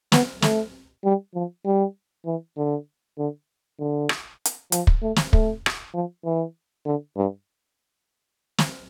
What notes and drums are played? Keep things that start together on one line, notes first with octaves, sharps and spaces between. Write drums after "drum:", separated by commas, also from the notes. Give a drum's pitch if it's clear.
B3, drum: snare
A3, drum: snare
G3
F3
G3
E3
D3
D3
D3
drum: rim click
drum: hi-hat
F3, drum: hi-hat
drum: kick
A3
drum: snare
A3, drum: kick
drum: rim click
F3
E3
D3
G2
drum: snare